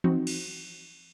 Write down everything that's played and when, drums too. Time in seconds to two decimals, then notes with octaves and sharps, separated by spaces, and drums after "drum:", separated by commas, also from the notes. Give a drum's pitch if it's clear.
0.04 C4 D#4 F#4, drum: tom E3
0.27 drum: cymbal